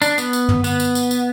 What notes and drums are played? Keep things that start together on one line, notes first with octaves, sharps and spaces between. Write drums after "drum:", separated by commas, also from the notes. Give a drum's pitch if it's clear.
D4, drum: tambourine
B3, drum: tambourine
drum: tambourine
drum: tom G2
B3, drum: tambourine
drum: tambourine
drum: tambourine
drum: tambourine